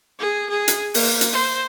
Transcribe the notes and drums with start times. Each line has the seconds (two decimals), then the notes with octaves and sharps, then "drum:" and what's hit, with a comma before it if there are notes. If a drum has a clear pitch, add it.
0.19 G#4
0.49 G#4
0.68 drum: hi-hat
0.94 A#3, drum: open hi-hat
1.21 drum: hi-hat
1.33 C5